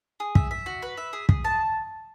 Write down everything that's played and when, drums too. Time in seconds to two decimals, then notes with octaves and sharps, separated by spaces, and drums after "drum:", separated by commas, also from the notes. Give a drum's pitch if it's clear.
0.20 G#4
0.35 E5, drum: kick
0.51 E5
0.66 F#4
0.82 B4
0.97 E5
1.13 G#4
1.29 G#4, drum: kick
1.44 A5